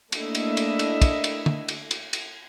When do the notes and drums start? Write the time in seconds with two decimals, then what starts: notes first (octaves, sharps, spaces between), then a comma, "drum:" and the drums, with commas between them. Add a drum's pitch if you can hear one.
0.12 A3 A#3 D4 E4 D#5 E5, drum: cymbal
0.35 drum: cymbal
0.57 drum: cymbal
0.79 drum: cymbal
1.02 drum: kick, cymbal
1.24 drum: cymbal
1.46 drum: tom
1.68 drum: cymbal
1.91 drum: cymbal
2.13 drum: cymbal